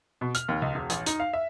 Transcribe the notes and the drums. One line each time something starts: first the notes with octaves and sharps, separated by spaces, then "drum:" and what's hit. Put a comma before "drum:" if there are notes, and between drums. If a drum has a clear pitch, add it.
B2
F6, drum: hi-hat
D#2
C#2
E1
A1, drum: hi-hat
D#4, drum: hi-hat
F5
E5